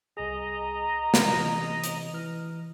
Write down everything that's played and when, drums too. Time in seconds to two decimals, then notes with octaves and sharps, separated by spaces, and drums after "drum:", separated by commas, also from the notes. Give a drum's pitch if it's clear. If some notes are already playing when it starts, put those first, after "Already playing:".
0.17 C2 G#4 D#5 A#5
1.14 C3 E3, drum: snare
1.84 drum: hi-hat
2.13 E3 F6